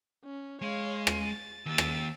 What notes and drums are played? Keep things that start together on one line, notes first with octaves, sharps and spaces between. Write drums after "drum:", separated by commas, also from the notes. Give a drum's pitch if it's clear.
C#4
G#3 C#5 F5
drum: rim click
A6
D#2 E6 A6
drum: rim click